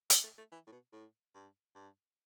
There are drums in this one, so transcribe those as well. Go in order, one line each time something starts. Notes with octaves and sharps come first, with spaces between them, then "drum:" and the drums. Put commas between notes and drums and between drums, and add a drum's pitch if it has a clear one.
G3, drum: hi-hat
A3
A3
E3
A2
B2
A2
G2
G2